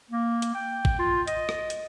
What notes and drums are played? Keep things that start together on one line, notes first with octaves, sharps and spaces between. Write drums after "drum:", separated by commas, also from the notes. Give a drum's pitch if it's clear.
A#3
drum: hi-hat
G5
drum: kick
F4
D#5, drum: hi-hat
drum: rim click
drum: hi-hat